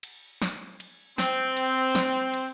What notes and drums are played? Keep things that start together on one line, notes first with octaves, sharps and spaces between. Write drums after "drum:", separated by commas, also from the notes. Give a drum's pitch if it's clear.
drum: cymbal
drum: snare
drum: cymbal
C4, drum: snare
drum: cymbal
drum: snare
drum: cymbal